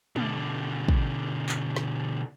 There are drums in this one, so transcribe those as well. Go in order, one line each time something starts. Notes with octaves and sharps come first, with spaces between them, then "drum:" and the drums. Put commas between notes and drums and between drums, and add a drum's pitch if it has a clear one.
B2 D3, drum: tom G#3
drum: kick
drum: clap
drum: snare